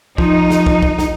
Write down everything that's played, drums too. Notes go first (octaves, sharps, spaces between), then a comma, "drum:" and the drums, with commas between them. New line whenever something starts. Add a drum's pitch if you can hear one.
F3 D#4, drum: kick
drum: snare
drum: kick
drum: kick
drum: snare